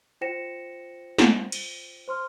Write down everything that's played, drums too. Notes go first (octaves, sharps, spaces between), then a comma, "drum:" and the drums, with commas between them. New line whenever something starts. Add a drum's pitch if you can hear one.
F4 C5 G5 A#6 C#7 E7
drum: snare
drum: cymbal
C5 C6 F6